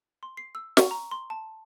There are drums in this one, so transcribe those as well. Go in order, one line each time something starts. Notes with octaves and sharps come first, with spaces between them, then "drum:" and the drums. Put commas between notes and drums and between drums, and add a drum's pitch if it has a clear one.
C6
C7
E6
C#6, drum: snare
A#5
C6
A5